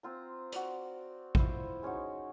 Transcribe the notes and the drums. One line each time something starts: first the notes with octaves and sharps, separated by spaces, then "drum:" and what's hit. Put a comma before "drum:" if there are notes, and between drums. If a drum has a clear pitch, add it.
C4 F4 A#5
F#4 D5, drum: hi-hat
E4 F4 C5, drum: kick A1
G#3 C#4 D#4 F#4